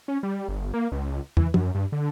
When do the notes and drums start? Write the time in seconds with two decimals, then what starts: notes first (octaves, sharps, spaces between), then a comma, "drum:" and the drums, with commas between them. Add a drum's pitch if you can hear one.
0.08 C#4
0.23 G3
0.48 G1
0.74 A#3
0.92 C#2
1.37 E3, drum: tom
1.54 F#2, drum: tom
1.75 G2
1.92 D3